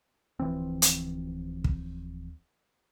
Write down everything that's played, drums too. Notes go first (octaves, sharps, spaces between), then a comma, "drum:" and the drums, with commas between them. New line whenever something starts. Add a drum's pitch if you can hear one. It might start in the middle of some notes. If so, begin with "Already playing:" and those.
D1 E3 F3 C4
drum: hi-hat
drum: kick